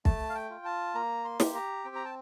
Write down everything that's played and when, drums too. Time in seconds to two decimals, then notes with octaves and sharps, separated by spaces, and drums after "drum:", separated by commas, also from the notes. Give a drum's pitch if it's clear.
0.05 A3 A5, drum: kick
0.30 F5
0.35 G5
0.50 F4
0.65 A5
0.95 A#3 A#5
1.25 C6
1.40 G4, drum: snare
1.55 A#5
1.84 C4 G5
1.96 A#5
2.05 A5